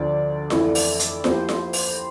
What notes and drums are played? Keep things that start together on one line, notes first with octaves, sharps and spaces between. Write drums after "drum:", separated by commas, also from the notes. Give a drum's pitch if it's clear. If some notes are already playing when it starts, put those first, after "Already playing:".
Already playing: D2 D3 F3 D5
F2 E3 A3 E4 A4, drum: snare F4
drum: open hi-hat
drum: hi-hat
F3 A#3 E4 G4 C5, drum: snare F4
drum: snare F4
drum: open hi-hat